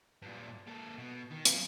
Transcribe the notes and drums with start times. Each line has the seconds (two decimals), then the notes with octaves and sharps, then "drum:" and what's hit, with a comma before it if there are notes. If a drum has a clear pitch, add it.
0.22 G2 A#2
0.67 A#3 A4
0.98 B2
1.31 D#3
1.45 F#2 F5, drum: hi-hat